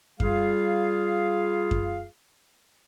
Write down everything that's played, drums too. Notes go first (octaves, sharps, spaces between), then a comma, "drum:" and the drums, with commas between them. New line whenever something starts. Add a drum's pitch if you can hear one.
G3 F4 G#4 F5, drum: kick F#2
drum: kick F#2